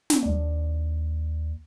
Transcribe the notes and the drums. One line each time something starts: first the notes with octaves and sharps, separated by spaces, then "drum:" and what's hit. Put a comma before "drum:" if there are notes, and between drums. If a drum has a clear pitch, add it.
drum: snare
D#2 D4